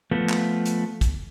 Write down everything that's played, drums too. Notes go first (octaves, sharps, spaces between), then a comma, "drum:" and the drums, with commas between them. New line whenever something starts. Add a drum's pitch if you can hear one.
F3 A3 B3
drum: clap
drum: hi-hat
drum: kick, hi-hat